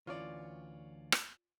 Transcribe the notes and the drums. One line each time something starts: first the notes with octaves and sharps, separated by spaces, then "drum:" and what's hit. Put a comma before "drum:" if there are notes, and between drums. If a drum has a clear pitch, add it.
D2 E3 C#4 F4 C#5 D5
drum: rim click